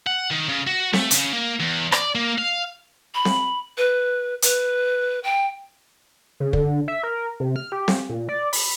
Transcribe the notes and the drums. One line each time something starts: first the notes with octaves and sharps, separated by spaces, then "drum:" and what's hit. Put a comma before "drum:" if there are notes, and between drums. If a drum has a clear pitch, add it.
F#5
D#3
C#3
F#4
A3, drum: snare C4
C#3, drum: hi-hat
A#3
E2
D5, drum: rim click
A#3
F5
B5
drum: snare C4
B4
B4, drum: hi-hat
G5
C#3
D3, drum: kick
E5
A#4
C3
F6
G4
drum: snare C4
A#2
D5
B5, drum: open hi-hat